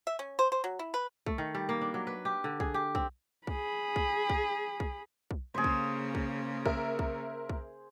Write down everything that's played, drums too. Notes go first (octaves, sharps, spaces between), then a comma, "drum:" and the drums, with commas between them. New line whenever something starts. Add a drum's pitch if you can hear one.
E5
C#4
C5
C5
F#3
E4
B4
A3, drum: kick
D#3
G3
A#3
D4
F#3
B4
G4
D3
G#4, drum: kick
G4
C4, drum: kick
G#4 B5, drum: kick
drum: kick
drum: kick
drum: kick
drum: kick
C#3 A#3 G#4 C5
drum: kick
drum: kick
A#4 E5, drum: kick
drum: kick
drum: kick